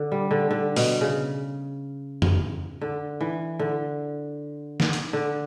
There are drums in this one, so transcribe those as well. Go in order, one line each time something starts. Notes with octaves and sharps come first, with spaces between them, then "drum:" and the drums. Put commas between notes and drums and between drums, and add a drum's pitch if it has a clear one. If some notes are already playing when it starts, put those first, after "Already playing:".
Already playing: D3
G3
D3
D3
B2, drum: open hi-hat
C#3
drum: tom
D3
E3
D3
drum: snare
drum: hi-hat
D3